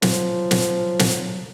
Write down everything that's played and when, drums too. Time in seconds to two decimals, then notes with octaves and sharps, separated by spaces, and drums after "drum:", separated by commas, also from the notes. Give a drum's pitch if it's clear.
0.02 F3 F#3, drum: snare
0.51 drum: snare
0.99 drum: snare